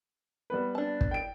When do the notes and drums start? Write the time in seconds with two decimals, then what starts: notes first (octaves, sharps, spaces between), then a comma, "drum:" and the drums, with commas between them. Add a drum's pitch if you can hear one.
0.50 G3 B3 B4
0.75 D4 A5
1.01 drum: kick
1.11 G5 D7